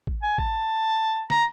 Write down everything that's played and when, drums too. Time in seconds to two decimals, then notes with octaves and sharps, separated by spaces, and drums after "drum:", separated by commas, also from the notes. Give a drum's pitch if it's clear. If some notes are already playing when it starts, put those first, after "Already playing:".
0.07 drum: kick A1
0.22 G#5
0.38 A5, drum: kick A1
1.30 A#5, drum: snare